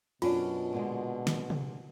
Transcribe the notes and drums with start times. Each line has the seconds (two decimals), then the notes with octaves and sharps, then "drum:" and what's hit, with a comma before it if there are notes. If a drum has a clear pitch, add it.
0.22 F#2 B2 C#4 D4 F4, drum: cymbal
0.73 A#2 D3 G#3
1.27 drum: snare
1.50 drum: tom C3